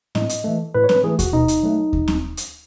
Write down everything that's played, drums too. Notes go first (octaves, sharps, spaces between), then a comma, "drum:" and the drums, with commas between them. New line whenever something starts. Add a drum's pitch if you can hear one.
A2 D#5, drum: snare C4
drum: hi-hat
E3 A3
A2 B4
C#5
B4, drum: snare C4
E3 A3 G#4
F#4, drum: kick D#2, hi-hat
B2 D#4
drum: hi-hat
F#3 A3
drum: kick D#2
drum: snare C4
drum: hi-hat